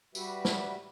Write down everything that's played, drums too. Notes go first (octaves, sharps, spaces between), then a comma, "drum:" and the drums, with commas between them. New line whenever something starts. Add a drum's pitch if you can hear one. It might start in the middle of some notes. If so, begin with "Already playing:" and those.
G3 F#4 G4 B4 E5, drum: tambourine
drum: snare